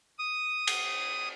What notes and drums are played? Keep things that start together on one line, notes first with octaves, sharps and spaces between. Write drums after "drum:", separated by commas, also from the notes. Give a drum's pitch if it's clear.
D#6
drum: cymbal